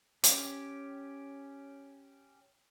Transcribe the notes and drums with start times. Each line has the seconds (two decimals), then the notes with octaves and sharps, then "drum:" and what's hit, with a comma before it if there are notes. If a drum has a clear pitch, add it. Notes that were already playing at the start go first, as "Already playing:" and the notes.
0.24 C#4 G4, drum: hi-hat